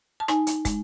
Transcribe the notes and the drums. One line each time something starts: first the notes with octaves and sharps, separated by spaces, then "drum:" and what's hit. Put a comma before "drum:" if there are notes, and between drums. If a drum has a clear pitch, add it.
A5
D#4 G#5, drum: rim click
drum: hi-hat
G#3, drum: kick, hi-hat